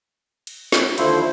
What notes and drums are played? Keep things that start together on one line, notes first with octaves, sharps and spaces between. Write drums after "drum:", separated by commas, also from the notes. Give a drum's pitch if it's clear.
drum: cymbal
drum: snare
D#2 D3 F3 E4 C5, drum: cymbal